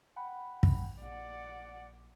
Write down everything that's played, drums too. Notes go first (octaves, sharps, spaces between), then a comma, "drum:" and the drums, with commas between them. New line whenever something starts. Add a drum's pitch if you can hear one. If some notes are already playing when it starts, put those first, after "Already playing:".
F#5 G5 B5
drum: kick
A#1 D5 F#5